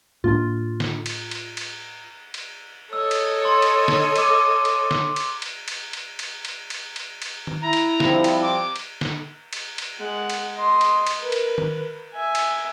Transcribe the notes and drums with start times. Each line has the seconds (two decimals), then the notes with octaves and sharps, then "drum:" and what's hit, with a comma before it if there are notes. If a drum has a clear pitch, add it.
0.24 A2 A#3 D4 F4
0.80 drum: snare
1.06 drum: cymbal
1.31 drum: cymbal
1.57 drum: cymbal
2.34 drum: cymbal
2.93 A4 C#5 D#5 E6
3.11 drum: cymbal
3.45 C6
3.62 drum: cymbal
3.88 drum: snare
4.16 D6 D#7, drum: cymbal
4.65 drum: cymbal
4.91 drum: snare
5.16 drum: cymbal
5.42 drum: cymbal
5.68 drum: cymbal
5.93 drum: cymbal
6.19 drum: cymbal
6.45 drum: cymbal
6.70 drum: cymbal
6.96 drum: cymbal
7.22 drum: cymbal
7.47 drum: tom D#3
7.62 E4 A#5
7.73 drum: cymbal
8.00 F3 G3 C4, drum: snare
8.24 drum: cymbal
8.42 D6
8.76 drum: cymbal
9.01 drum: snare
9.53 drum: cymbal
9.78 drum: cymbal
9.98 G#3 F#5
10.30 drum: cymbal
10.55 D#5 C6
10.81 drum: cymbal
11.07 drum: cymbal
11.21 A#4 B4
11.32 drum: cymbal
11.58 drum: tom D#3
12.14 E5 G#5
12.35 drum: cymbal